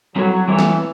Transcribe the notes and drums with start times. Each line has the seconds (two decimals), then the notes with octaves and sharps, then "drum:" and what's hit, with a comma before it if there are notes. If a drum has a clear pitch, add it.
0.16 F#3 G3 C4 E4 A4 C#5
0.48 E3 G3 C4 E4 A4 C#5
0.59 drum: snare